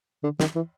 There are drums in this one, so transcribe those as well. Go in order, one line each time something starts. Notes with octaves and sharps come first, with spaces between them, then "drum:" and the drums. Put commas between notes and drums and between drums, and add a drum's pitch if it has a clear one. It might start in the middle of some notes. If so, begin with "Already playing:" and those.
D3
D#3, drum: snare
E3